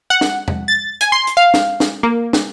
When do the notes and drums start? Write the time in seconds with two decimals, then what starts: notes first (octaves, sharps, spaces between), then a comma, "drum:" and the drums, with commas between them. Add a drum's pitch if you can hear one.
0.10 F#5
0.21 drum: snare
0.48 drum: tom E2
0.68 A6
1.01 G#5, drum: hi-hat
1.12 C6
1.27 drum: hi-hat
1.37 F5
1.54 drum: snare
1.80 drum: snare
2.03 A#3
2.33 drum: snare